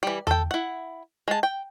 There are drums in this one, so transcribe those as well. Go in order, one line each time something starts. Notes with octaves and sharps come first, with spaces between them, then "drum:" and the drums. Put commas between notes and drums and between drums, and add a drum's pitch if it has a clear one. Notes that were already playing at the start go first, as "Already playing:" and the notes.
E3 G3
A4 G5, drum: tom E2
E4 F#5
G#3 A5
G5